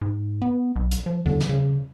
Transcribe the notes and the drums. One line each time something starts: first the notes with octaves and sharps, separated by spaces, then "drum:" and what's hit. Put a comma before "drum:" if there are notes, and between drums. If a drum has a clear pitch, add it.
G#2
B3
B1
drum: hi-hat
F3
D3, drum: tom E2
drum: snare
C#3